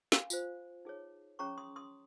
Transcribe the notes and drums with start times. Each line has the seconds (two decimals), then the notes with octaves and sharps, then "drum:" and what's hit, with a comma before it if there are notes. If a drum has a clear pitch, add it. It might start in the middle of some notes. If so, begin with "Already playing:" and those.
0.12 F5 G#5, drum: snare
0.30 F4 C5, drum: tambourine
0.85 D#4 G#4 C#5
1.39 C#4 G#4 C#5 A#5 C#6
1.58 C6 D#6
1.76 C6 D#6